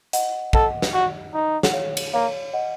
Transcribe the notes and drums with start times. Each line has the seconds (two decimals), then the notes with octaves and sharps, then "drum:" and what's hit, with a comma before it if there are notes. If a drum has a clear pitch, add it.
0.13 D#5 F#5, drum: hi-hat
0.53 A4 D#5 F#5, drum: kick
0.82 drum: snare
0.93 F#4
1.33 D#4
1.63 F#5, drum: snare
1.73 C#5 F5
1.97 drum: cymbal
2.14 A#3 C#5 F5
2.53 D#5 F#5